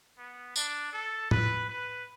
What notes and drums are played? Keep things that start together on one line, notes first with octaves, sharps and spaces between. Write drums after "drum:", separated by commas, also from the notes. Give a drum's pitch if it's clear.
B3
D4, drum: tambourine
A4
B4, drum: tom A2
B4